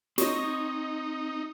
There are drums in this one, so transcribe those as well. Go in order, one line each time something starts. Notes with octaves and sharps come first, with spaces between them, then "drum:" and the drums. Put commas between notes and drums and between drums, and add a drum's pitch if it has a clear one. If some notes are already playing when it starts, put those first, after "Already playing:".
C4 D#4 C5 C#5 D#5, drum: snare